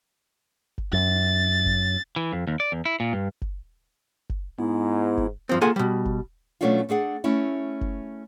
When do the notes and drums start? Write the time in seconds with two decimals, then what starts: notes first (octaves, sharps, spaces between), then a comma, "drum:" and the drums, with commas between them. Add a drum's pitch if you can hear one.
0.78 drum: kick F#1
0.93 F#2 A6
1.66 drum: kick F#1
2.16 E3
2.33 F2
2.47 D#2
2.60 D5
2.72 E2
2.85 E4
3.00 A#2
3.13 G2
3.42 drum: kick F#1
4.29 drum: kick F#1
4.59 G#2 B3 E4
5.17 drum: kick F#1
5.49 G2 F3 C4
5.61 A#3 F4 G#4 A4 F#5 G#5
5.76 B2 G3
6.05 drum: kick F#1
6.61 B2 F#3 A3 C#4 D4 F4
6.89 A3 D4 G#4 F#5
7.24 A3 C#4 E4
7.81 drum: kick F#1